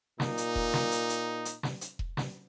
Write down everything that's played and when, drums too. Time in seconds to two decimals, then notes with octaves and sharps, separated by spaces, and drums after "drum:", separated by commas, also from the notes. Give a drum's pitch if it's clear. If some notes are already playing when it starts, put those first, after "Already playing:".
0.20 A#2 D#4, drum: snare
0.38 drum: hi-hat
0.56 drum: kick E1
0.73 drum: snare
0.91 drum: hi-hat
1.09 drum: hi-hat
1.45 drum: hi-hat
1.63 drum: snare
1.81 drum: hi-hat
1.99 drum: kick E1
2.17 drum: snare